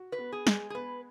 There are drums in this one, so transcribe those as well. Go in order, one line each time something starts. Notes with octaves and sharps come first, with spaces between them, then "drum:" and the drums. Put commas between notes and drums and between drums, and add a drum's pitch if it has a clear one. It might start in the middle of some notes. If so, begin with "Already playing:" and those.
Already playing: F#4
B4
B3
G#4
G#3, drum: snare
G#4
B3 B4